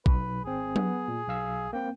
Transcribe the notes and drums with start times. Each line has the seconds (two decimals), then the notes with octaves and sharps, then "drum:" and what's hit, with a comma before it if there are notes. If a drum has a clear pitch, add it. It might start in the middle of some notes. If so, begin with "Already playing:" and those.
0.06 B1 B4, drum: kick
0.45 G#1 C4 G#4
0.76 B3, drum: tom F#3
1.08 A#2
1.28 B1 F5 E6
1.73 A#3 C4 G5